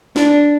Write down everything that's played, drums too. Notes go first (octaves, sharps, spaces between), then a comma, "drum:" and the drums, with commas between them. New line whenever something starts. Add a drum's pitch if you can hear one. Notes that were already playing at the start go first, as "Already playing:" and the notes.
D4, drum: snare